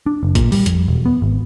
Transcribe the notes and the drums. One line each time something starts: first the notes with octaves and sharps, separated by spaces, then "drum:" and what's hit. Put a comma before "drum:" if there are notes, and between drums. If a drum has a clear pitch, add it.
D4
F#1
A#2, drum: kick G#1, hi-hat
G3, drum: open hi-hat
F2, drum: hi-hat
E1
B3
G#1